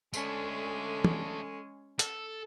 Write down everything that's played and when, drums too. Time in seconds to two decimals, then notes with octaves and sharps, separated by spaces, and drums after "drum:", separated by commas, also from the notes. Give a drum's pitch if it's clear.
0.14 G#3 A3 C#4 D4 A4, drum: tambourine
1.05 drum: tom
1.99 A4, drum: hi-hat